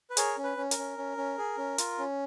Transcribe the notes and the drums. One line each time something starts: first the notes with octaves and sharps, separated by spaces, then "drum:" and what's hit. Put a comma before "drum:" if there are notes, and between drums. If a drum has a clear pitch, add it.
B4
G#4 A#4 C#5, drum: hi-hat
C#4
B4
C#4
A#4, drum: hi-hat
C#4
C#4
C#4
G#4
C#4
F4, drum: hi-hat
C#4